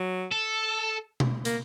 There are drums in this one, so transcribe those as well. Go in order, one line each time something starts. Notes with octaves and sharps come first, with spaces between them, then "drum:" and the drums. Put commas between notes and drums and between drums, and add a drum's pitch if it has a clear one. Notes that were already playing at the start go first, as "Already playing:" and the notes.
Already playing: F#3
A4
drum: tom B2
A#3, drum: hi-hat